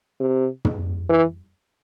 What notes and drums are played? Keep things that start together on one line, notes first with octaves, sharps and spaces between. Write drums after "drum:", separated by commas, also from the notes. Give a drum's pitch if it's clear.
C3
drum: tom
E3